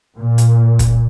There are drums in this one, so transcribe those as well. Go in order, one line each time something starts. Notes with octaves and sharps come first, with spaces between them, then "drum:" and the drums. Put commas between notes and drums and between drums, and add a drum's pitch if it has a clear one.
A#2
drum: hi-hat
drum: kick, hi-hat